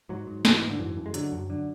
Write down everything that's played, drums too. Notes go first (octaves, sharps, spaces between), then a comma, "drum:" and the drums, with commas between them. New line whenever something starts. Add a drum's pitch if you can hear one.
G#2 F#3
G#2
G#2 F#3, drum: snare
E3
G#2
D3
F#2 E3
F#2
G#3
D3 F#3, drum: hi-hat
F#2
D3